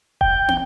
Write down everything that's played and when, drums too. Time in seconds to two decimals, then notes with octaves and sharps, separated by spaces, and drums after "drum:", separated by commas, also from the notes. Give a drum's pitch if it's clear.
0.21 G5, drum: kick E1
0.48 drum: tom